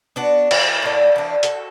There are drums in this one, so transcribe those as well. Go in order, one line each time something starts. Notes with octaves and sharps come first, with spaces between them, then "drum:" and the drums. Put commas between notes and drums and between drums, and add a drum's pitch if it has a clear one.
B3 D4 F#4
E3, drum: cymbal
A2 D5
E3 D4
F#4 A4, drum: hi-hat